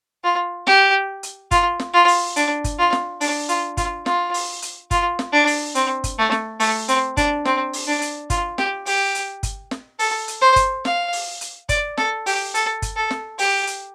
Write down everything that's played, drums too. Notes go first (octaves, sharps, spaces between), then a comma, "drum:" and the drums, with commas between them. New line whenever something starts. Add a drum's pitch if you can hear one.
F4
G4, drum: snare
drum: hi-hat
F4, drum: kick G1, hi-hat
drum: snare
F4
drum: open hi-hat
D4, drum: hi-hat
drum: kick G1, hi-hat
F4
drum: snare
D4, drum: open hi-hat
F4, drum: hi-hat
F4, drum: kick G1, hi-hat
F4, drum: snare
drum: open hi-hat
drum: hi-hat
F4, drum: kick G1, hi-hat
drum: snare
D4
drum: open hi-hat
C4, drum: hi-hat
drum: kick G1, hi-hat
A3
drum: snare
A3, drum: open hi-hat
C4, drum: hi-hat
D4, drum: kick G1, hi-hat
C4, drum: snare
drum: open hi-hat
D4
drum: hi-hat
F4, drum: kick G1, hi-hat
G4, drum: snare
G4, drum: open hi-hat
drum: hi-hat
drum: kick G1, hi-hat
drum: snare
A4, drum: open hi-hat
drum: hi-hat
C5
drum: kick G1, hi-hat
F5, drum: snare
drum: open hi-hat
drum: hi-hat
D5, drum: kick G1, hi-hat
A4, drum: snare
G4, drum: open hi-hat
A4, drum: hi-hat
drum: kick G1, hi-hat
A4
drum: snare
G4, drum: open hi-hat
drum: hi-hat